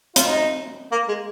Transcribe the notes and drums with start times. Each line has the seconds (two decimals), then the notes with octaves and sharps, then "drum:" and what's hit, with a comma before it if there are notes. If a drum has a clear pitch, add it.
0.16 F4, drum: hi-hat
0.27 D#4
0.92 A#3
1.08 G#3